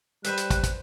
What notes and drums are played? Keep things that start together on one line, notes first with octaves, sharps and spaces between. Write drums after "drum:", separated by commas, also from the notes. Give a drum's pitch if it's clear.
G3 B4 C5 E5 F#6, drum: hi-hat
drum: hi-hat
drum: kick, hi-hat
drum: kick, hi-hat